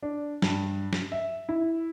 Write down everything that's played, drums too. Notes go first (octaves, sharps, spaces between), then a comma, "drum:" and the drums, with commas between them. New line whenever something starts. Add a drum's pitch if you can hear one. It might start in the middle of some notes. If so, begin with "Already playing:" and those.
D4
G2, drum: snare
drum: snare
E5
E4